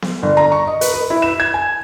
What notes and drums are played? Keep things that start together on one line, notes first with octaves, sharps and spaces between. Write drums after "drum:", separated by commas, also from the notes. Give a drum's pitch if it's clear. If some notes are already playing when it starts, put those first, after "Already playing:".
drum: snare B3
G1
A#5
C#6
D#5
B4, drum: hi-hat
B4
E4
E7
G#6
G#5